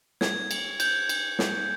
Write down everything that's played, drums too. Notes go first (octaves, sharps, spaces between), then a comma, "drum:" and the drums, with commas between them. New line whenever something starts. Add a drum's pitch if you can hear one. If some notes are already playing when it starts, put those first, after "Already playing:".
G#6, drum: snare
drum: cymbal
G6, drum: cymbal
drum: cymbal
drum: snare